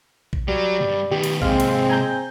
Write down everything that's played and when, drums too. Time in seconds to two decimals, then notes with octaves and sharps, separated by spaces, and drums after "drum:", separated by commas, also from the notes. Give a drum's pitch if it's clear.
0.33 drum: kick A#1
0.48 F#3 G3
0.81 D2 G2
1.11 D#3 B3 G4
1.24 drum: cymbal
1.42 G#2 C3 G#3 C4 F5, drum: kick A#1
1.60 drum: cymbal
1.90 G#5 A#5 G6